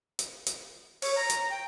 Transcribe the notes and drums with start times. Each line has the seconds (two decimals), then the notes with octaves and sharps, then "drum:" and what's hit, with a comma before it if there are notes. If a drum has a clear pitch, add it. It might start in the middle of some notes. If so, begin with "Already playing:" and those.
0.19 drum: hi-hat
0.47 drum: hi-hat
1.02 C#5, drum: open hi-hat
1.16 A#5
1.30 drum: hi-hat
1.50 G5